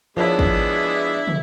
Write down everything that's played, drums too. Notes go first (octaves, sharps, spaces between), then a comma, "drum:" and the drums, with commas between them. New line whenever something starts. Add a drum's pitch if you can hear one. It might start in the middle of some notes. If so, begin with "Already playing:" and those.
F3 G#3 B3 D4 E4 A#4 C#5 A5
drum: kick
drum: tom